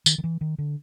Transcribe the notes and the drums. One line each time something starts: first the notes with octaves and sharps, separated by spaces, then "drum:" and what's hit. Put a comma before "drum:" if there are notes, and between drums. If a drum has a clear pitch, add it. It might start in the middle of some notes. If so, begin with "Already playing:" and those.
D#3, drum: tambourine
D#3
E3
D#3
D3